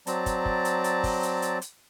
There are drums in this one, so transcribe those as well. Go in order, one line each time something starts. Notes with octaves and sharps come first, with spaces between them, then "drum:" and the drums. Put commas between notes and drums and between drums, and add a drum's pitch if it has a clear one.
F#3 C4 D5 A5 A#5, drum: hi-hat
drum: kick, hi-hat
drum: kick
drum: hi-hat
drum: hi-hat
drum: kick, open hi-hat
drum: hi-hat
drum: hi-hat
drum: hi-hat